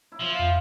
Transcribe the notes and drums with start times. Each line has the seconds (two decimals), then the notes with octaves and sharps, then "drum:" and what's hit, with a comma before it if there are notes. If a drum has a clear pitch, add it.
0.12 E4
0.21 F3
0.29 F4
0.39 drum: tom